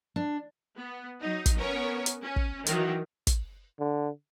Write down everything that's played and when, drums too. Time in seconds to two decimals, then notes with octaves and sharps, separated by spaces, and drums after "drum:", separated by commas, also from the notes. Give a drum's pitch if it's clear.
0.16 D4
0.77 B3
1.20 F#3 D#4
1.46 drum: kick, hi-hat
1.56 B3 C#4 A#4 C#5
2.06 drum: hi-hat
2.22 C#4
2.36 drum: kick
2.66 D#3 E3 F#3, drum: hi-hat
3.27 drum: kick, hi-hat
3.79 D3